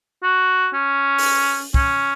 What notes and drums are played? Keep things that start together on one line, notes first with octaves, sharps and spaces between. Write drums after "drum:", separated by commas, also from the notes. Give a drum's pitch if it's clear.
F#4
C#4
drum: open hi-hat
C#4, drum: kick